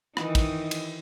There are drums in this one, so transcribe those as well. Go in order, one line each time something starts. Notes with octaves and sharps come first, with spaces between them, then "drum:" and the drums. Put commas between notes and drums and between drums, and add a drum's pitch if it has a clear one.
D#3 E3 D#4, drum: rim click
drum: kick, cymbal
drum: cymbal